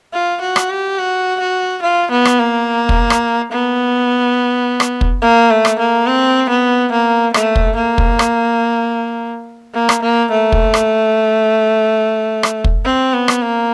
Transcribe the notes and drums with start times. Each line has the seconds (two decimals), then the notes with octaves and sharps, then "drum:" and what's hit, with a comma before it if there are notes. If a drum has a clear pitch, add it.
0.14 F4
0.42 F#4
0.56 drum: rim click
0.70 G4
0.99 F#4
1.40 F#4
1.83 F4
2.12 B3
2.25 drum: rim click
2.40 A#3
2.89 drum: kick
3.10 drum: rim click
3.52 B3
4.80 drum: rim click
5.01 drum: kick
5.22 A#3
5.51 A3
5.65 drum: rim click
5.79 A#3
6.07 C4
6.50 B3
6.93 A#3
7.34 A3, drum: rim click
7.56 drum: kick
7.76 A#3
7.98 drum: kick
8.19 drum: rim click
9.74 A#3
9.89 drum: rim click
10.02 A#3
10.32 A3
10.52 drum: kick
10.74 drum: rim click
12.43 drum: rim click
12.64 drum: kick
12.85 C4
13.14 B3
13.28 drum: rim click
13.42 A#3